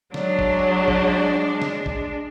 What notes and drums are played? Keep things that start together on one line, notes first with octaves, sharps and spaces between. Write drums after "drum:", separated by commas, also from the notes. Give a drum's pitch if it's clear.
F#3 G#3 D4, drum: snare
drum: kick
drum: kick
drum: snare
drum: kick